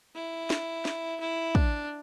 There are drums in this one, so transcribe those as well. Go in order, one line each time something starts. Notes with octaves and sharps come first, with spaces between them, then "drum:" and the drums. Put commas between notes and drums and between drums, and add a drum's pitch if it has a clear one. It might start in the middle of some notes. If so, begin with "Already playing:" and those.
E4
drum: snare
drum: snare
E4
D4, drum: kick